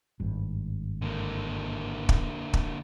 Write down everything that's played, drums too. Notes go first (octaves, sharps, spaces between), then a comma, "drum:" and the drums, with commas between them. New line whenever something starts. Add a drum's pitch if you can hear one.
G#1 G2
D3 A#3
drum: kick
drum: kick